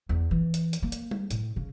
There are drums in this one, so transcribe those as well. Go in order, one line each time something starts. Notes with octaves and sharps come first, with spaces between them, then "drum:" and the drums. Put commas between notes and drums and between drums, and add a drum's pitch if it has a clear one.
E2
E3
drum: hi-hat
drum: hi-hat
A#3
drum: hi-hat
drum: tom G3
A2, drum: hi-hat
C#3